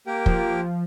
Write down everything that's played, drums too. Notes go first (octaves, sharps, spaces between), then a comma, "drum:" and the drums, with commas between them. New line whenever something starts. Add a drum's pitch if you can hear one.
A#3 G4 A#4
F3, drum: kick